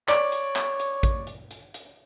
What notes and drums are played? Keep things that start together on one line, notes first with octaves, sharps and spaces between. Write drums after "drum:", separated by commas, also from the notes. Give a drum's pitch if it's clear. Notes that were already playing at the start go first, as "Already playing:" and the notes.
C#5 D5, drum: clap
drum: hi-hat
drum: clap
drum: hi-hat
drum: kick, hi-hat
drum: hi-hat
drum: hi-hat
drum: hi-hat